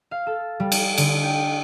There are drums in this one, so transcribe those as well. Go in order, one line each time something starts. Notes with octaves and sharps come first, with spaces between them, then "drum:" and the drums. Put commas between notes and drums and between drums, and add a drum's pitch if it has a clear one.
F5
A4
G3
drum: cymbal
D3, drum: cymbal
G5